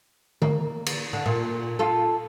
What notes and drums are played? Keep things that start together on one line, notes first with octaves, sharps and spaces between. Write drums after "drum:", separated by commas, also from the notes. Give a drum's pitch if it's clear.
A#3, drum: tom D3
drum: cymbal
D3
A#2
F4 A4